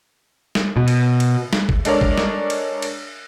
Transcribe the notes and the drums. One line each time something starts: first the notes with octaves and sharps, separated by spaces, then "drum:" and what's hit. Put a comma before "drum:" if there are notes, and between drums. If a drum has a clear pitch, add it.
drum: snare
B2
drum: cymbal
drum: cymbal
drum: snare
drum: kick A1
G#3 D4 A4 A#4 C#5 D5, drum: cymbal
drum: kick A1
drum: snare
drum: cymbal
drum: cymbal